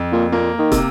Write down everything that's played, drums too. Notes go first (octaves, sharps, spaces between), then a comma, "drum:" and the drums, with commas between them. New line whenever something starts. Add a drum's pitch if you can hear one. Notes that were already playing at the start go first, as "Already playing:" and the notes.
Already playing: F2
A#2
A#2 A#3
D#3
C3, drum: kick, hi-hat